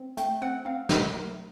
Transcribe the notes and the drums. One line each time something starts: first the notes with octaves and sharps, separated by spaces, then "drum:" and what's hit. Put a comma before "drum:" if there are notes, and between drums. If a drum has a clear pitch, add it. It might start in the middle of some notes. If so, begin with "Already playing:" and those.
Already playing: C4
A3 G5, drum: hi-hat
C4 F#5
C4 F5
F#3 E5, drum: snare
A3 A#4